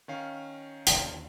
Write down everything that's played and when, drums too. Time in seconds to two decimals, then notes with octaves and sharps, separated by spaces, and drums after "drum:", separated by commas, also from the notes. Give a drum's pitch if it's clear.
0.08 D#3 C#4 F5
0.87 D#2 D3, drum: hi-hat